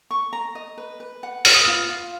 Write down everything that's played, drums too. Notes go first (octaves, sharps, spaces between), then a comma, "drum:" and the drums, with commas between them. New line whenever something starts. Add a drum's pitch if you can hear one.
C#6
A#5
D#5
B4
B4
F#5
B4 F6, drum: open hi-hat
D#6
F4 F6
F4